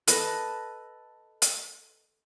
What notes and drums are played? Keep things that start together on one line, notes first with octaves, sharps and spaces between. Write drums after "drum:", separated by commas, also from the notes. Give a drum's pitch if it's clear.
A4 B4 D#5 A5, drum: hi-hat
drum: hi-hat